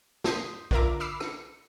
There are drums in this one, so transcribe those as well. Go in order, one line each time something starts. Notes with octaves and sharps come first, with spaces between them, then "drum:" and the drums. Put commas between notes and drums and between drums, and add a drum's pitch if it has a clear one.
C6 D#6 G6 B6 C7, drum: snare
D3 F4 A#4 E5 A#5 D6, drum: kick
B5 D6 E6 C7
C#7, drum: rim click